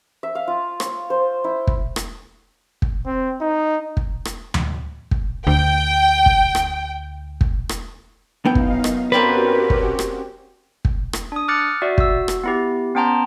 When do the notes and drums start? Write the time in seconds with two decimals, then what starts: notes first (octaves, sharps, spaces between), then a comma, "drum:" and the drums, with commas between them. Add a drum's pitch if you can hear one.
0.23 E5
0.35 F5
0.48 F4
0.80 C#5, drum: rim click
1.10 C5
1.44 E4
1.67 drum: kick
1.96 drum: rim click
2.82 drum: kick
3.07 C4
3.41 D#4
3.97 drum: kick
4.25 drum: rim click
4.54 drum: tom D2
5.11 drum: kick
5.47 D2 G5
6.26 drum: kick
6.55 drum: rim click
7.41 drum: kick
7.69 drum: rim click
8.45 F#2 B3 D#4 E4 F5 G5
8.55 drum: kick
8.84 drum: rim click
9.12 A#3 C4 C#4 F#4 G4 B4 D5
9.70 drum: kick
9.99 drum: rim click
10.85 drum: kick
11.13 drum: rim click
11.32 D4 D#6
11.48 D6 F6 F#6 A6 C#7
11.82 F#4 D5 E5
11.98 F#4 E6, drum: kick
12.28 drum: rim click
12.44 B3 E4 G4
12.95 B3 C#4 G5 A5 A#5 C6